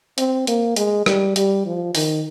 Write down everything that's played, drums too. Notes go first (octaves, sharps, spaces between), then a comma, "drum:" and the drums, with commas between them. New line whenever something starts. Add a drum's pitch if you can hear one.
C4, drum: hi-hat
A#3, drum: hi-hat
G#3, drum: hi-hat
G3, drum: rim click
G3, drum: hi-hat
F3
D#3, drum: open hi-hat